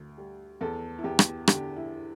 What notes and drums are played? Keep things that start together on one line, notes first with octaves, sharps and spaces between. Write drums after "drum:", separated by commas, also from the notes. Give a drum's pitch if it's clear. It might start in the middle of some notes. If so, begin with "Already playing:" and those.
Already playing: D2
G3
E2 A4
E4
E2 G4
drum: rim click
D3 G4, drum: rim click
E4